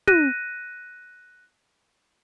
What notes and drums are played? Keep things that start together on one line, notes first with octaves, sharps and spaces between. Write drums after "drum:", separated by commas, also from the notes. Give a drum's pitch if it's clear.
F#6 A#6 D#7, drum: tom